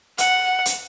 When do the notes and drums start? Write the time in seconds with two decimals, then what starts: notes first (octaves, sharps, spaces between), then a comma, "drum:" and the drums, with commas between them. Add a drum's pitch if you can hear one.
0.18 F#5, drum: hi-hat
0.66 drum: hi-hat